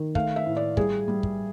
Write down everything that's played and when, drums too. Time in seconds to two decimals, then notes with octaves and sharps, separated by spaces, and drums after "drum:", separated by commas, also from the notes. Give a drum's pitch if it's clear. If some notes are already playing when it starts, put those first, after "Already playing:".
Already playing: D#3
0.15 A3 F5, drum: kick
0.36 E5
0.46 A2
0.57 D5
0.77 G3 G#4, drum: kick
1.08 G3
1.23 drum: kick